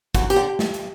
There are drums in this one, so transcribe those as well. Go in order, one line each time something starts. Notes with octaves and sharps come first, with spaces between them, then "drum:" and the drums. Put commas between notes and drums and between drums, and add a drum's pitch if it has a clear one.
F#2 F#4, drum: kick, hi-hat
G4, drum: hi-hat
D3
drum: snare
drum: hi-hat